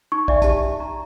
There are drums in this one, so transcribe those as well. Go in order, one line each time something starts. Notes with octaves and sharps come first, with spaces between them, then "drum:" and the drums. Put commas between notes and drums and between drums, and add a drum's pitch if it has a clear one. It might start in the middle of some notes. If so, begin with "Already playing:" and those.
D#4 C#6
D5 E5 G#5, drum: kick
G4 A5, drum: kick, hi-hat
A#5